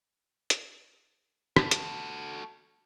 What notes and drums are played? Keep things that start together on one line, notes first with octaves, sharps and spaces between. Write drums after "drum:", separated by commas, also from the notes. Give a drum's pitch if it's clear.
drum: hi-hat
F#4 A4, drum: rim click
drum: hi-hat